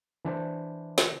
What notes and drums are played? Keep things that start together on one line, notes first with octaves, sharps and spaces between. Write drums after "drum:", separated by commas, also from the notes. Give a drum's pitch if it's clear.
E3 D4 C5
drum: snare